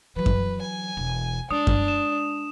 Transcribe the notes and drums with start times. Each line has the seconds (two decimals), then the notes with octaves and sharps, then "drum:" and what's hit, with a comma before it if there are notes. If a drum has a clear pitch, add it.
0.16 E3 F#3 B4
0.26 drum: kick F#2
0.61 G#5
0.97 E1
1.51 G#3 D4 D#6
1.67 drum: kick F#2
1.88 E7